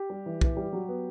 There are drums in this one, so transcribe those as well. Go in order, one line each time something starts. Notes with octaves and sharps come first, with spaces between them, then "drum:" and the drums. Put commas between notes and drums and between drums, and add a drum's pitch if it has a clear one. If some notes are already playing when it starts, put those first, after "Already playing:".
Already playing: G4
G3
E3
E3, drum: kick
G3
F#3
B3